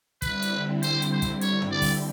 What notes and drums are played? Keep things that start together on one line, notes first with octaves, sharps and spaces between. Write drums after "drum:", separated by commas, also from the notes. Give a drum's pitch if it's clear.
D3 G3 C4 E4 B4, drum: kick, hi-hat
drum: hi-hat
C5, drum: hi-hat
drum: hi-hat
C5
drum: kick, hi-hat
C#5, drum: hi-hat
drum: tom
D5
drum: kick, open hi-hat